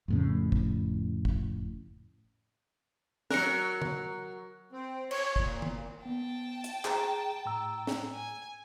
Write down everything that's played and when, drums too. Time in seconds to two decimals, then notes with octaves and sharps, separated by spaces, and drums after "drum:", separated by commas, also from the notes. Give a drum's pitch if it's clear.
0.08 F2 A2 C#3
0.52 drum: kick
1.25 drum: kick
3.31 F#3 A#4 F#6 C#7, drum: snare
3.82 drum: tom
4.72 C4
5.11 C#5, drum: cymbal
5.36 A#2, drum: kick
5.62 drum: tom
6.06 B3 G5 A5
6.64 drum: hi-hat
6.85 G#4 A#5, drum: clap
7.45 A2 A#5 E6
7.87 drum: snare
8.14 G#5